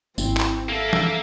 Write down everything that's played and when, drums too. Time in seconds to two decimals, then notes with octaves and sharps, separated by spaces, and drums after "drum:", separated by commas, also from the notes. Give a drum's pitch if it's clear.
0.18 G#1 C4 E4, drum: tambourine
0.37 drum: clap
0.69 A#3 A4 E5
0.93 drum: tom